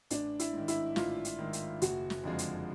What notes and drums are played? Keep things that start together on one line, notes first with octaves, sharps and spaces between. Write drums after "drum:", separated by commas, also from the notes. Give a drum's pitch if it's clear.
A1 D4, drum: hi-hat
E4, drum: hi-hat
G#2 D#3
E4, drum: hi-hat
A1 F4, drum: snare
drum: hi-hat
G#2 D#3
drum: hi-hat
F#1 F#4, drum: hi-hat
drum: snare
F2 D3 F3 G#3
drum: hi-hat